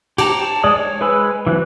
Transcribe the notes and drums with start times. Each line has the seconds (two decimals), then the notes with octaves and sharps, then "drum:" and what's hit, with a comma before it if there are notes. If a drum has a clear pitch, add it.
0.18 G4 G5 A5 A#5, drum: cymbal
0.39 A5
0.64 G#3 D5 D#6
0.76 C#5
1.01 G#3 B4 G#5 B5 E6
1.47 E3 F#3 C4 B4 F#6